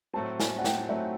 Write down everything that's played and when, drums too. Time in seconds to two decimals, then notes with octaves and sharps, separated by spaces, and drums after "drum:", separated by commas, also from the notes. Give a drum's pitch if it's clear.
0.14 A2 F#3 A3 C4 A5
0.40 G#5, drum: snare
0.59 F#5
0.64 G5, drum: snare
0.89 A2 F#3 A3 C4 E5